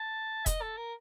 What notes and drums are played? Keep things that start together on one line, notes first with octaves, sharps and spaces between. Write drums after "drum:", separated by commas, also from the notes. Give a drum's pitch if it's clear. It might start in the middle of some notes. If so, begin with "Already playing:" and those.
Already playing: A5
D#5, drum: kick E1, hi-hat
A4
A#4